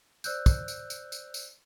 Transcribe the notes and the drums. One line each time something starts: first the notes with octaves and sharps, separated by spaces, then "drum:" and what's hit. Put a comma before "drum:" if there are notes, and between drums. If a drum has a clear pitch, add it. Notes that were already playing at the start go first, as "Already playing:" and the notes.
C5 D5 E6 F#6 G6, drum: tambourine
drum: kick, tambourine
drum: tambourine
drum: tambourine
drum: tambourine
drum: tambourine